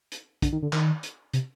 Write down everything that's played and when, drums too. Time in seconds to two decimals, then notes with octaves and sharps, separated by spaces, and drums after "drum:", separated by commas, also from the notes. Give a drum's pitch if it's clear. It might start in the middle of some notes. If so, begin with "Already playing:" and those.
0.12 drum: hi-hat
0.42 D3, drum: kick, hi-hat
0.53 D#3
0.63 D3
0.73 D#3, drum: clap
1.03 drum: hi-hat
1.33 C3, drum: hi-hat